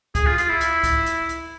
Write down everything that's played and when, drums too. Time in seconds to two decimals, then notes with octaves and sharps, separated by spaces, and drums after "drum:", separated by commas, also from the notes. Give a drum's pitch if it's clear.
0.15 G#4, drum: kick, hi-hat
0.26 F4
0.38 F4, drum: hi-hat
0.49 E4
0.61 drum: hi-hat
0.84 drum: kick, hi-hat
1.06 drum: hi-hat
1.29 drum: hi-hat